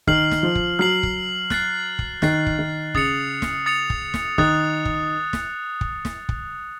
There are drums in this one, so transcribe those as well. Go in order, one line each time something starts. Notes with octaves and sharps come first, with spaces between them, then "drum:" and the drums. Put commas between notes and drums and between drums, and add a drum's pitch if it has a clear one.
D#3 F6 C7 F#7, drum: kick
drum: snare
F3
drum: kick
F#3 F6 C7 F#7
drum: kick
F#6 A6 C7, drum: snare
drum: kick
D#3 F#6 A6 C7, drum: snare
drum: kick
D#3
C#3 D#6 A6 C#7 F7, drum: kick
drum: snare
D#6 A6 C#7 F7
drum: kick
drum: snare
D#3 D#6 F#6 A6, drum: kick
drum: kick
drum: snare
drum: kick
drum: snare
drum: kick